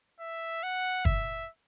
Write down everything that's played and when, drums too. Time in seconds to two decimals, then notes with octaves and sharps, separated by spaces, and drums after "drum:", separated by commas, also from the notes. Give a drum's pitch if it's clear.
0.20 E5
0.63 F#5
1.05 E5, drum: kick